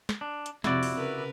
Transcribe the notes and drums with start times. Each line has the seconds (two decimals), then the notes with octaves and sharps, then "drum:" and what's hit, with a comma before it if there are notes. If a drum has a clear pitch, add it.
0.09 drum: snare
0.21 D4
0.46 drum: hi-hat
0.64 F2 C3 E4 F#4 D5, drum: snare
0.83 drum: open hi-hat
0.96 C#3 A#4 B4